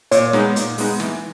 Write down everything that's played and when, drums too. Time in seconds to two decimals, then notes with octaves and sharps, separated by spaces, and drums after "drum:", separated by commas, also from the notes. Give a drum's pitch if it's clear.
0.11 A#2 C#5, drum: hi-hat
0.33 G#3 B3 D#4, drum: snare
0.56 A#2, drum: hi-hat
0.78 G#3 B3 D#4, drum: open hi-hat
1.00 E3, drum: snare